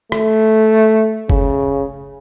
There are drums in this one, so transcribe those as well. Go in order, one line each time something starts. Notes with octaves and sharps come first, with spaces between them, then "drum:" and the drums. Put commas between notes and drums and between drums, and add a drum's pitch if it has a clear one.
A3, drum: rim click
C#3, drum: kick F#1